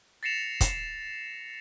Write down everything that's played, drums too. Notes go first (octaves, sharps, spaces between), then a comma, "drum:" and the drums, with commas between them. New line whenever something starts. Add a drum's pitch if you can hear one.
A6 A#6 C7 C#7 E7 F7
drum: kick, hi-hat